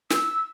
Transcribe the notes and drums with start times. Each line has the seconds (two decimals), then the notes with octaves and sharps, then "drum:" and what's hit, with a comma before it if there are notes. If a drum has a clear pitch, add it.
0.10 E6, drum: snare